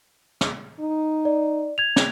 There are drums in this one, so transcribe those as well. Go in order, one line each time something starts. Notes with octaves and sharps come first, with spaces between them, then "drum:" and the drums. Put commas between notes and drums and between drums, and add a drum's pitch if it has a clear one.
drum: snare
D#4
D5
G#6 F7
drum: snare